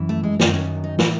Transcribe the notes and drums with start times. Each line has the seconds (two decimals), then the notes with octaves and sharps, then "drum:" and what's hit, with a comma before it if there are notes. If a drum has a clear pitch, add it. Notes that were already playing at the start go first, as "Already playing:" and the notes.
Already playing: F#2 E3
0.09 A3
0.23 G#3
0.39 F#2 D#3 F#3 A3, drum: snare
0.53 C#4
0.84 D#4
0.99 A2 E3 E4, drum: snare